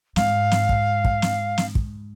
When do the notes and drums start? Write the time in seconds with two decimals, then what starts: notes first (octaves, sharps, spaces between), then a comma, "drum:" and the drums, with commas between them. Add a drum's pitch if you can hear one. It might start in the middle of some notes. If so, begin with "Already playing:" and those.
0.16 G#2 F5, drum: snare
0.51 drum: snare
0.69 drum: kick
1.05 drum: kick
1.22 drum: snare
1.58 drum: snare
1.75 drum: kick